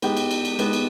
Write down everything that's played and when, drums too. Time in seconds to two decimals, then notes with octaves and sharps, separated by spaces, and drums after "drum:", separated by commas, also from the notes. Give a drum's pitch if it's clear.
0.02 G#3 B3 D#4 G4, drum: cymbal
0.17 drum: cymbal
0.31 drum: cymbal
0.45 drum: cymbal
0.59 G#3 B3 D#4 G4, drum: cymbal
0.73 drum: cymbal